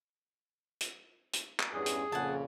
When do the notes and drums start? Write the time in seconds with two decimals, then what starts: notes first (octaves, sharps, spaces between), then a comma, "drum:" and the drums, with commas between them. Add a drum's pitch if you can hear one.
0.81 drum: hi-hat
1.33 drum: hi-hat
1.60 drum: clap
1.74 E2 G2 C#4 G#4
1.86 drum: hi-hat
2.12 F2 A#2 C#3 F#5 G#5 A5